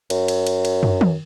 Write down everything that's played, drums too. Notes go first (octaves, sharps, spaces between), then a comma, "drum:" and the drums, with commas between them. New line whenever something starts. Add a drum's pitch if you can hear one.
F#2, drum: cymbal
drum: cymbal
drum: cymbal
drum: cymbal
drum: tom
drum: tom D#3